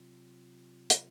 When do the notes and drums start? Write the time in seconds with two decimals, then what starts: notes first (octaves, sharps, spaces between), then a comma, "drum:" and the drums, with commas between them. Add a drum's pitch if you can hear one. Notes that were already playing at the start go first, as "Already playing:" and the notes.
Already playing: C3 F#3 C4 F4
0.90 drum: hi-hat